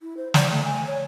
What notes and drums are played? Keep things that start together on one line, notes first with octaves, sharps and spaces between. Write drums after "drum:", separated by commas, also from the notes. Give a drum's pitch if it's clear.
E4
C5
D5, drum: snare
A3
G#5
C#5